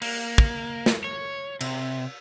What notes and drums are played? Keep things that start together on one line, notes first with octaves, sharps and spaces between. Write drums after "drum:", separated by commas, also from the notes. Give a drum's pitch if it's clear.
A#3, drum: cymbal
drum: kick
drum: snare
C#5
C3, drum: cymbal